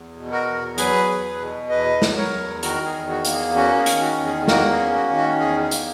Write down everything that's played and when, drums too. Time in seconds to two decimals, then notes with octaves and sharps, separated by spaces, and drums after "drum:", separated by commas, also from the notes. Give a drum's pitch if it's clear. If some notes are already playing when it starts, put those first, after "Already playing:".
Already playing: E2
0.16 B2
0.32 F#4 A#4
0.47 E2
0.78 F#3 G#4 B4, drum: hi-hat
1.09 E2
1.40 B2
1.70 E2 B4 D#5
2.02 F#3, drum: snare
2.16 A#4 C#5
2.32 E2
2.63 D#3 F#4 A#4, drum: hi-hat
2.86 G#4
2.94 E2
3.08 F#4
3.25 A#3, drum: hi-hat
3.33 G#4
3.56 C#4 F#4
3.79 G#4
3.86 D#3, drum: hi-hat
4.01 F#4
4.17 E2
4.25 G#4
4.48 A#3 F#4 A#4, drum: snare
4.71 G#4
4.79 C#4
4.95 F#4
5.10 D#3
5.17 F#4
5.40 E2 G#4
5.63 G#4
5.71 A#3, drum: hi-hat